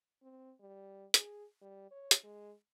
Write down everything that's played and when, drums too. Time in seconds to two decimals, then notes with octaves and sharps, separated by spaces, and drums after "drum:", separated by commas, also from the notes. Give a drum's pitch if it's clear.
0.23 C4
0.60 G3
1.14 G#4, drum: hi-hat
1.61 G3
1.91 C#5
2.11 drum: hi-hat
2.24 G#3